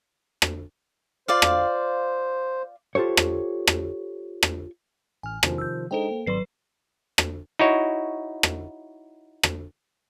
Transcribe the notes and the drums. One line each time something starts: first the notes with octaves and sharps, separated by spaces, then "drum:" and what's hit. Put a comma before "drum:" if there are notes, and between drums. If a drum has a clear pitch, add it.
drum: rim click
F4 C5 D5 F5
drum: rim click
F4 G4 A4 C5 C#5
drum: rim click
drum: rim click
drum: rim click
A1 G#5 F6
C3 D#3 F3, drum: rim click
E6 G6
G#3 D4 D#4 A4 C5 G5
A#3
G#1 F#3 B4 D5 C6 C7
drum: rim click
D#4 E4 F#4 C#5
drum: rim click
drum: rim click